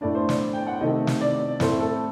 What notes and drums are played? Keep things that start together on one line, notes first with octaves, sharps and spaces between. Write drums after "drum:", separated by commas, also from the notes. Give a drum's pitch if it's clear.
A2 A3 D4 D5
C5
D5, drum: snare
G5
F#5
C3 D#3 A3 D#5
drum: snare
D5
A2 A3 C4 C5, drum: snare
A4